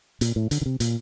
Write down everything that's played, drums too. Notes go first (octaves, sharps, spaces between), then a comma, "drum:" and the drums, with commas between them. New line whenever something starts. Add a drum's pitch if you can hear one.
A#2, drum: hi-hat
A2
D3, drum: hi-hat
D3
C3
A#2, drum: hi-hat